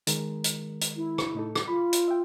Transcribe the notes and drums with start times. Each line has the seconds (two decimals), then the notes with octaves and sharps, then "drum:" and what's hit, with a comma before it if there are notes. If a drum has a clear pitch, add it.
0.07 D#3 G#3 A#4, drum: hi-hat
0.44 drum: hi-hat
0.81 drum: hi-hat
0.97 E4
1.18 drum: rim click
1.35 A2 D#4 A4
1.56 drum: rim click
1.68 F4 B5
1.93 drum: hi-hat
2.08 E5 G5